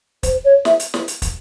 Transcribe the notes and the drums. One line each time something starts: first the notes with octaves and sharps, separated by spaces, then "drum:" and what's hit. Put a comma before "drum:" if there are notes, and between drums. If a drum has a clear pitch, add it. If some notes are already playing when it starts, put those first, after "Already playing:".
C5, drum: kick, hi-hat
C#5
E5, drum: snare
drum: hi-hat
drum: snare
drum: hi-hat
drum: kick, hi-hat